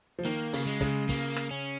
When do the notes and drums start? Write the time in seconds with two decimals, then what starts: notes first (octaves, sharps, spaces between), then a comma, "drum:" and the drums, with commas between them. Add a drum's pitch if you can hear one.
0.19 F3
0.25 D#3 A#3, drum: hi-hat
0.53 C#3, drum: open hi-hat
0.66 G#3
0.81 C#3, drum: kick, hi-hat
1.09 A#3, drum: kick, open hi-hat
1.36 drum: rim click
1.51 C#4